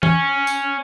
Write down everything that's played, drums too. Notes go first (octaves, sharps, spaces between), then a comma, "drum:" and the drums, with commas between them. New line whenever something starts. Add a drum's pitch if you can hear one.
C#4, drum: tom
drum: tambourine